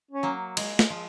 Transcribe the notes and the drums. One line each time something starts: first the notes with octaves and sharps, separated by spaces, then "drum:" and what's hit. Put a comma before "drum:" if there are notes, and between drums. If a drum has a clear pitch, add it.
C#4
F#3 A#3
G#3, drum: cymbal
drum: snare
F3